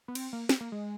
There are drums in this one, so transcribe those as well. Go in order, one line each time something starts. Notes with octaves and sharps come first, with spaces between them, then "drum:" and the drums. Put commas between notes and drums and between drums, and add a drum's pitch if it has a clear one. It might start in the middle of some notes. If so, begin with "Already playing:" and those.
B3
C4, drum: cymbal
A#3
drum: snare
A#3
G#3